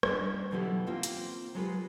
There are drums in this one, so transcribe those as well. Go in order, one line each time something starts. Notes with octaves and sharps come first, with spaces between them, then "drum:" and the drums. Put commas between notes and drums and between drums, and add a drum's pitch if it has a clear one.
G3 C#4 D4 C5 D#5, drum: rim click
B2 D3 E3 F#3 E4 G4
A#3 C4 C#4 F4 C5 G5
drum: hi-hat
F#3 G#3 F4 G4 A#4 B4